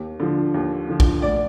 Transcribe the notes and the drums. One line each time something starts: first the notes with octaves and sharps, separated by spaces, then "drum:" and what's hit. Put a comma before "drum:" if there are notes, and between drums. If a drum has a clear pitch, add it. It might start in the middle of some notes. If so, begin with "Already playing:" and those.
Already playing: D#2
D3 F3
D#2
D3 F3
drum: kick A1
D2 D5